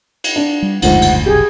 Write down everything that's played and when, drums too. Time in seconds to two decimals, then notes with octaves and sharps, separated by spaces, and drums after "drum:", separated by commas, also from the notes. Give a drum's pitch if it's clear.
0.24 drum: cymbal
0.36 D4
0.62 G3
0.82 F#1 D2 G#2 F3 D4 F#5, drum: cymbal
1.02 drum: cymbal
1.26 F1 B1 G4 G#4